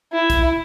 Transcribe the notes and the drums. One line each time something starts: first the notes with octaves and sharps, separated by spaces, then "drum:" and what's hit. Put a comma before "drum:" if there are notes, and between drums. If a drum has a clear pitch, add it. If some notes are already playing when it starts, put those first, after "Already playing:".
E4
drum: kick B1, hi-hat